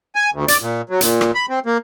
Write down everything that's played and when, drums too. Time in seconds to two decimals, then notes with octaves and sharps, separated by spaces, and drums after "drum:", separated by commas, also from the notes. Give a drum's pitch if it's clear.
0.15 G#5
0.33 D2
0.48 D5, drum: hi-hat
0.61 A#2
0.89 F#3
1.01 A#2, drum: hi-hat
1.21 drum: rim click
1.35 B5
1.49 C4
1.66 A#3